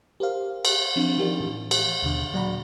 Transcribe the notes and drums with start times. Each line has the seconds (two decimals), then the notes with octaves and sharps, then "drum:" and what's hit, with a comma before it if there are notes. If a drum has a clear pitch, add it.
0.20 G4 A#4 C5 F5
0.65 drum: cymbal
0.96 F3 C4 D4
1.18 F3 D#4 G4 A#4 D5
1.40 A2 E3
1.71 drum: cymbal
2.02 D#2 B2 D3
2.33 A#2 F#3 D5 F#5 A#5 B5